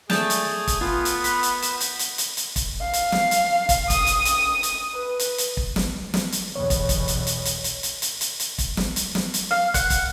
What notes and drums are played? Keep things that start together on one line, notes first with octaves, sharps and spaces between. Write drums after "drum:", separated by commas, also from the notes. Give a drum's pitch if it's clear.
A3 G#4 D5 A5 G6 F7, drum: snare
drum: hi-hat
drum: kick, hi-hat
B3 F4
drum: hi-hat
B5 F#6 B6, drum: hi-hat
drum: hi-hat
E7, drum: hi-hat
drum: hi-hat
drum: hi-hat
drum: hi-hat
drum: hi-hat
drum: kick, hi-hat
F5
drum: hi-hat
drum: snare
drum: hi-hat
drum: kick, hi-hat
D#6, drum: kick, hi-hat
drum: hi-hat
drum: hi-hat
drum: hi-hat
B4
drum: hi-hat
drum: hi-hat
drum: kick
drum: snare
drum: snare
drum: hi-hat
B1 E2 C#5
drum: kick, hi-hat
drum: kick, hi-hat
drum: hi-hat
drum: hi-hat
drum: hi-hat
drum: hi-hat
drum: hi-hat
drum: hi-hat
drum: hi-hat
drum: hi-hat
drum: kick, hi-hat
drum: snare
drum: hi-hat
drum: snare
drum: hi-hat
F5
F#5, drum: kick, hi-hat
drum: kick, hi-hat